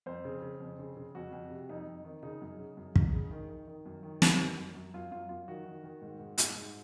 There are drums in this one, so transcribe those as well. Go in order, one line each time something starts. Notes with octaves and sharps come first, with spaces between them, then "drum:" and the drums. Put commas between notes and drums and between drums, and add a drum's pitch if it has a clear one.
F2 C5
C#3
C#3
F2
C#3
C#3
F2 F#4
F2
C3
F2 D#4
F2
D#3
C#3 D#4
F#2
C#3
F#2
F#2, drum: kick
C#3
D#3
D#3
D#3
F#2
D#3
D#3, drum: snare
F#2
F#2
F#2
F#2 F4
F#2 F4
F#2 F4
D#3 F#4
D#3
D#3
G#2
G#2
G#2, drum: hi-hat
G#2